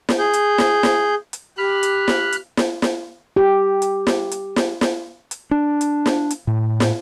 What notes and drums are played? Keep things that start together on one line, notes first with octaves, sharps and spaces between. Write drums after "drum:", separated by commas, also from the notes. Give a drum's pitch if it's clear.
drum: snare
G#4 G6
drum: hi-hat
drum: snare
drum: snare
drum: hi-hat
G4 B5 F6 F#6
drum: hi-hat
drum: snare
drum: hi-hat
drum: snare
drum: snare
G4
drum: hi-hat
drum: snare
drum: hi-hat
drum: snare
drum: snare
drum: hi-hat
D4
drum: hi-hat
drum: snare
drum: hi-hat
A2
drum: snare